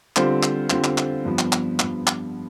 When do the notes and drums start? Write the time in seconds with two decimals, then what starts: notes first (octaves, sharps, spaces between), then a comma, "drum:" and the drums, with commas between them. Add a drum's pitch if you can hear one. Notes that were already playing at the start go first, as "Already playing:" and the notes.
0.16 D3 G3 C4 F4 C5, drum: clap
0.43 drum: clap
0.70 D3 G3 C4 F4 C5, drum: clap
0.84 drum: clap
0.98 drum: clap
1.25 G2 F3 B3
1.39 drum: clap
1.53 drum: clap
1.79 G2 F3 B3, drum: clap
2.07 drum: clap